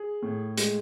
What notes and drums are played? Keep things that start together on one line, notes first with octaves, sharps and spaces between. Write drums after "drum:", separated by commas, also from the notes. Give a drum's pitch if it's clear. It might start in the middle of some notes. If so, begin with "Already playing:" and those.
Already playing: G#4
A2
G#3, drum: hi-hat